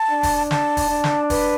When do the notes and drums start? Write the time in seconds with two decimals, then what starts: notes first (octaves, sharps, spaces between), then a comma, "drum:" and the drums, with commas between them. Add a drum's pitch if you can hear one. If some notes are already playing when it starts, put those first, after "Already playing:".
Already playing: A5
0.10 D4
0.23 drum: kick E1, open hi-hat
0.51 A5, drum: snare
0.77 drum: kick E1, open hi-hat
0.90 D4
1.04 drum: snare
1.30 B4, drum: kick E1, open hi-hat